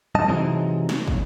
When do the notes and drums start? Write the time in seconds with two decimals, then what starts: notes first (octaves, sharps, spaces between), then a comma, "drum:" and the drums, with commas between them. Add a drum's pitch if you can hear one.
0.15 C2 G2 D#5 A5
0.28 C3 E3 F#3 G#3 C4 D#4
0.89 drum: snare
1.08 drum: kick